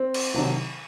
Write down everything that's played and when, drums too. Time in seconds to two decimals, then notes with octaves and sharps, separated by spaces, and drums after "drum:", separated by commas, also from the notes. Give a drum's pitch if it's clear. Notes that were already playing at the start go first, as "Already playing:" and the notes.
Already playing: C4
0.14 drum: cymbal
0.34 C2 C3 D#3 F#3